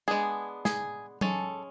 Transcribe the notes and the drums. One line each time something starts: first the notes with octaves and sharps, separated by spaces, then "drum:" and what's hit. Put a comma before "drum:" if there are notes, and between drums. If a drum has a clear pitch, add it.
G#3 B3 D4 G#4
G#4, drum: snare
G#3 C#4 A4, drum: tom F#3